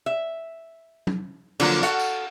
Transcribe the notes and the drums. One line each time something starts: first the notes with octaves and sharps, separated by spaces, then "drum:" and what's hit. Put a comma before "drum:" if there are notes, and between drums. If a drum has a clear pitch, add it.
E5
drum: tom F#3
D3 F3 F#3 A#3, drum: cymbal
F#4 A4 F5 F#5, drum: hi-hat
drum: tambourine